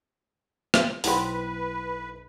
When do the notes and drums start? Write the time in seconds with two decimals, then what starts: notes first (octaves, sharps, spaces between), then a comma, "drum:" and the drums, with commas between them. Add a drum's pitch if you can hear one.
0.74 drum: rim click
1.04 B1 B3 C4 E4 B4 B5, drum: open hi-hat